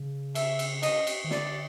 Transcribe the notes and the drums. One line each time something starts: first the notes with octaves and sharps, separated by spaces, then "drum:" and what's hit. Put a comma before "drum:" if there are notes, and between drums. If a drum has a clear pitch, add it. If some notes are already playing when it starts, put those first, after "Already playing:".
Already playing: C#3
E5, drum: cymbal
drum: cymbal
D#5, drum: cymbal
drum: cymbal
D#3
D3 D5, drum: snare